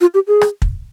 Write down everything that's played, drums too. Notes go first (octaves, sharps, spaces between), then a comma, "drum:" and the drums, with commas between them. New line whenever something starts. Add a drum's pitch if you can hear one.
F4
G4
G#4
drum: rim click
drum: kick